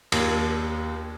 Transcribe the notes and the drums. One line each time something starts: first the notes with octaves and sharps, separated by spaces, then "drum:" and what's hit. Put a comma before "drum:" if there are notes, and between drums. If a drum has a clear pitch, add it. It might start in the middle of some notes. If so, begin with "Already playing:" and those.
D#2, drum: cymbal